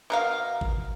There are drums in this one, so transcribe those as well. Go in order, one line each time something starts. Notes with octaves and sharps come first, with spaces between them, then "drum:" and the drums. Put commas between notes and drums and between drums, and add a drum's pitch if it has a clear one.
B2 A#4 F5
drum: kick G#1